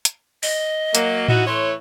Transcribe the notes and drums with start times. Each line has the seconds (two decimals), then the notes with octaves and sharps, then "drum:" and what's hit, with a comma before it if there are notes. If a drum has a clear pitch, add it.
0.05 drum: hi-hat
0.43 D#5, drum: open hi-hat
0.95 F#3 A#3, drum: hi-hat
1.28 E3 D#4 F#4, drum: tom A2
1.47 E3 A3 C#5 C6